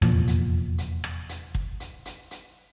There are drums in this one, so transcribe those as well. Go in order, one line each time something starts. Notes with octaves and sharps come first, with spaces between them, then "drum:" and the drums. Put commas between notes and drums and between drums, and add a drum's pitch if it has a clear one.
F1 E2 A#2 F3, drum: rim click
drum: hi-hat
drum: hi-hat
drum: rim click
drum: hi-hat
drum: kick
drum: hi-hat
drum: hi-hat
drum: hi-hat